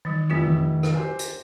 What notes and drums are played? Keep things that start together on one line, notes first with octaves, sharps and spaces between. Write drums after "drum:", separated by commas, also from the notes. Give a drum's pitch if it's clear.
D#3 E3 F#3 G3
F1 F#3 C4 E4 F4
drum: tom E3
drum: rim click
G4 C5 G#5
drum: hi-hat